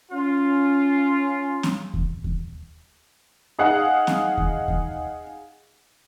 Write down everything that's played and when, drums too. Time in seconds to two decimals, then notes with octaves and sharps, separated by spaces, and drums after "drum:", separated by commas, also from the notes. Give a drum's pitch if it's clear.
0.11 C#4 F4
1.63 drum: snare C4
1.94 drum: kick D#2
2.24 drum: kick D#2
3.58 D#4 G#4 F5 F#5
4.07 drum: snare C4
4.38 drum: kick D#2
4.68 drum: kick D#2